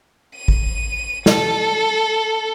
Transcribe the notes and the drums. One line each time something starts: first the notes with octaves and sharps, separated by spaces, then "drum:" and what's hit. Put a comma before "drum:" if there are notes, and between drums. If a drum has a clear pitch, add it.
D#7
drum: kick
A4, drum: snare